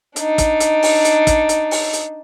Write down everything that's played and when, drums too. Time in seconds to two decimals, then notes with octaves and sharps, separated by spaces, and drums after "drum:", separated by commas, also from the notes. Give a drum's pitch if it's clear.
0.16 D4 D#4, drum: hi-hat
0.38 drum: kick, hi-hat
0.60 drum: hi-hat
0.83 drum: open hi-hat
1.05 drum: hi-hat
1.27 drum: kick, hi-hat
1.49 drum: hi-hat
1.71 drum: open hi-hat
1.93 drum: hi-hat